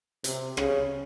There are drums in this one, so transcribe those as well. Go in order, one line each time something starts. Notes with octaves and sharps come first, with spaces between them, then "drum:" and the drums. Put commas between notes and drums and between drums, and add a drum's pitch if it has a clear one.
C3, drum: hi-hat
C#3, drum: rim click